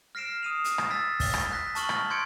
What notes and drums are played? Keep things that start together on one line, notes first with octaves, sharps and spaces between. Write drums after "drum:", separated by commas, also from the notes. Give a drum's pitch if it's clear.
F6 A#6 C7 D7 E7
D#6 D#7 F7
drum: hi-hat
drum: rim click
E6 A6 B6
drum: kick, open hi-hat
drum: rim click
F#6 A#6 B6
A5 C#6 F6 F#7 G7, drum: hi-hat
drum: rim click
C6 G6 G#6 C#7 D7